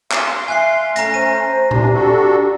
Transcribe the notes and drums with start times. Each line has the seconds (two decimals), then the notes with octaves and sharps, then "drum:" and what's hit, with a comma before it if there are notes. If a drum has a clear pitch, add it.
0.12 F5 C6, drum: clap
0.48 E5 G#5 F#6 C7
0.96 A3 C#4 A#5 A#6, drum: hi-hat
1.14 C5 D#7
1.71 C3 E3 D4 G4, drum: tom A#2
1.94 D4 F#4 A4